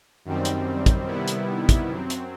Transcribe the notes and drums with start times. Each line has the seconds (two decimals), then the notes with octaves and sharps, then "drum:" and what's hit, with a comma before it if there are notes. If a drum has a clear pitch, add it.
0.25 F#2 D#3 G3 C4
0.45 drum: hi-hat
0.86 drum: kick, hi-hat
1.07 C3 D#3 G3 B3 E4
1.28 drum: hi-hat
1.69 drum: kick, hi-hat
1.89 F#2 F#3 C4
2.10 drum: hi-hat